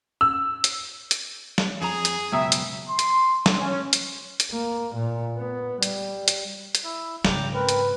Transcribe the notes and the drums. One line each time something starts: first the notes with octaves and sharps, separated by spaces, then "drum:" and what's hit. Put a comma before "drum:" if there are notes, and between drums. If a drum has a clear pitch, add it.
E6
drum: hi-hat
drum: hi-hat
drum: snare
F2 G#4 A#5
drum: hi-hat
C#2 F#2 B2 E5 G5 A#5 D#6
drum: hi-hat
C6
drum: hi-hat
drum: snare
C#4
drum: hi-hat
drum: hi-hat
A#3
A#2
B3
G3, drum: hi-hat
drum: hi-hat
drum: hi-hat
E4 E5
G#2 C#3 G5 A#5 D6, drum: snare
C4 A#4 B4
drum: hi-hat